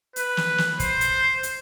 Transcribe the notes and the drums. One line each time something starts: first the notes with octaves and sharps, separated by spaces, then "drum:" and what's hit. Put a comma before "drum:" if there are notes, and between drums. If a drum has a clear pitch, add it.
B4, drum: hi-hat
drum: snare
drum: snare
C5, drum: kick, hi-hat
drum: hi-hat
drum: hi-hat